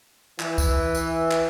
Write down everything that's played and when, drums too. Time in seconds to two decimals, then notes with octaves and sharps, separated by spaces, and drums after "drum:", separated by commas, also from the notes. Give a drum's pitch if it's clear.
0.40 E3, drum: clap
0.58 drum: kick C2, tambourine
0.95 drum: tambourine
1.31 drum: clap